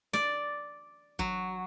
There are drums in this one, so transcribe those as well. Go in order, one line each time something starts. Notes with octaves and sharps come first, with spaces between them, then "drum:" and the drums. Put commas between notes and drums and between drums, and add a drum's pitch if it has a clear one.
D5, drum: snare
F#3, drum: kick